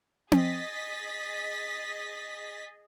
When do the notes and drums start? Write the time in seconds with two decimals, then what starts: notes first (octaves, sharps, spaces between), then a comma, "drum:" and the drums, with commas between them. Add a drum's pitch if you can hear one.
0.32 G#4 D#5 A6 B6, drum: tom C4